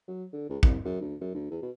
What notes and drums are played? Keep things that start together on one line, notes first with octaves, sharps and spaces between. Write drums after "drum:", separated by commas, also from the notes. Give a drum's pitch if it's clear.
F#3
D3
C#2
C2, drum: kick
F#2
D2
F#2
D2
E2
B2